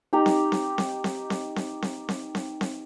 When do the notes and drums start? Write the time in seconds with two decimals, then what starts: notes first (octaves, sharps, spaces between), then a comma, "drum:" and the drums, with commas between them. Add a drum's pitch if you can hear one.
0.13 D#4 G4 A#5
0.26 drum: snare C4
0.52 drum: snare C4
0.78 drum: snare C4
1.04 drum: snare C4
1.30 drum: snare C4
1.56 drum: snare C4
1.82 drum: snare C4
2.09 drum: snare C4
2.35 drum: snare C4
2.61 drum: snare C4